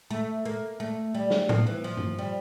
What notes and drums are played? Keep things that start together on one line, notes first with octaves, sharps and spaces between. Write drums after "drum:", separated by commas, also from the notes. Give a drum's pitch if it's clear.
A3
A#3
A3
G3
drum: snare
F3, drum: tom A2
E3
F3
drum: tom G2
G3